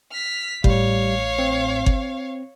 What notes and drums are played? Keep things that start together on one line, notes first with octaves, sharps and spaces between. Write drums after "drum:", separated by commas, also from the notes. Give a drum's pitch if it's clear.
F6 B6
A1 A2 G3 C#5 F5, drum: kick G1
C4
drum: kick G1